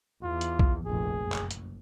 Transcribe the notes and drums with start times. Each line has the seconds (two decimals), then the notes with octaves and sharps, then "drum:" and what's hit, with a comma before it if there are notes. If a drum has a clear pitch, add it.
0.23 E2 F4
0.41 drum: hi-hat
0.59 drum: kick B1
0.86 F1 A#1 G#4
1.17 F#1
1.32 drum: clap
1.51 drum: hi-hat